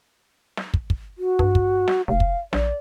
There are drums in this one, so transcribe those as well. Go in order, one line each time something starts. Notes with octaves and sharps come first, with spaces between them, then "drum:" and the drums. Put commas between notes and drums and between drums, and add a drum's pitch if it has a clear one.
drum: snare
drum: kick
drum: kick
F#4
G2, drum: kick
drum: kick
drum: snare
F1 F5
drum: kick
A#1 D5, drum: snare